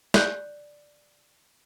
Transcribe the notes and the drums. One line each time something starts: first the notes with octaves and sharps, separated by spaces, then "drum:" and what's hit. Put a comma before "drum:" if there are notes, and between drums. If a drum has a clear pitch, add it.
D5 F#6 G6, drum: snare